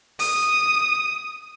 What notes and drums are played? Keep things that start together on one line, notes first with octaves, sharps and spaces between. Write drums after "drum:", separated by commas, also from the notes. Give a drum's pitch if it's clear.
D#6, drum: open hi-hat